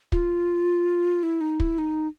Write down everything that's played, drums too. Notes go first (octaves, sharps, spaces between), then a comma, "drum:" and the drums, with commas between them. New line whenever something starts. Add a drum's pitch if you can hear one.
F4, drum: kick
E4
D#4
E4, drum: kick
D#4